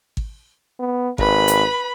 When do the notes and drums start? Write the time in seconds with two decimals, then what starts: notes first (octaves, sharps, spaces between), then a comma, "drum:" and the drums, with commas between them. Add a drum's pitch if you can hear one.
0.17 drum: kick G#1
0.79 B3
1.18 G#1 B4 B5, drum: kick G#1
1.48 drum: hi-hat